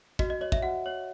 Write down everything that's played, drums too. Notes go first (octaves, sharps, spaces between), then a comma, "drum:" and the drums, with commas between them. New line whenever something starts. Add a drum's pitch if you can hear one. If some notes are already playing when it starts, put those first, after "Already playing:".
F#4 D#5, drum: kick
D#5
C#5 D#5
E5, drum: kick
F#4 F#5
C#5